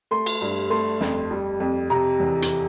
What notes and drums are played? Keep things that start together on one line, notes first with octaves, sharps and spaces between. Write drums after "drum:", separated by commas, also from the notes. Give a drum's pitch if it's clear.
A3 C6
drum: cymbal
G2
A3 C6
F2, drum: snare
G3
F2
C3 A#5
E2
drum: hi-hat